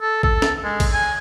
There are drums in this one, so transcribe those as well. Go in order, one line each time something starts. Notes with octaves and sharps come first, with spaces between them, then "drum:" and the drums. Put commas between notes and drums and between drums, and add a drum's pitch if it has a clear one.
A4
A4, drum: kick
drum: snare
G#3
drum: kick, cymbal
G#5